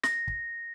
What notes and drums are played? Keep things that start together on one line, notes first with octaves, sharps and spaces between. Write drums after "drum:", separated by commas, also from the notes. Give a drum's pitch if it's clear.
A#6, drum: snare
drum: kick